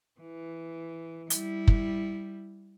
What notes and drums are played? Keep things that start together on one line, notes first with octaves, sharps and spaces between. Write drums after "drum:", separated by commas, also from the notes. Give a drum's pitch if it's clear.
E3
G3 E4, drum: hi-hat
drum: kick